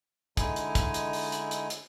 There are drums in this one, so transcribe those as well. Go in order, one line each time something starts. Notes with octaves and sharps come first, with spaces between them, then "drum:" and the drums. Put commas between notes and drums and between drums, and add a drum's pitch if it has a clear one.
D3 G#3 D#4 E4 G#5, drum: kick, hi-hat
drum: hi-hat
drum: kick, hi-hat
drum: hi-hat
drum: open hi-hat
drum: hi-hat
drum: hi-hat
drum: hi-hat